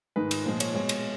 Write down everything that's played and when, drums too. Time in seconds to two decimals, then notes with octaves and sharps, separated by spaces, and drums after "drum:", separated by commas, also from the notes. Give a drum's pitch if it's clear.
0.16 G#2 D#3 G#3 B4
0.31 drum: cymbal
0.46 A#2 F3 G#3 C5
0.60 C#5, drum: cymbal
0.74 B2 G#3 C#5
0.89 drum: cymbal